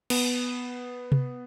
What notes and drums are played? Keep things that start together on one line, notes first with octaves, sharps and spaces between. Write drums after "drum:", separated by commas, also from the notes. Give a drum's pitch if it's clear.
B3, drum: cymbal
drum: tom C3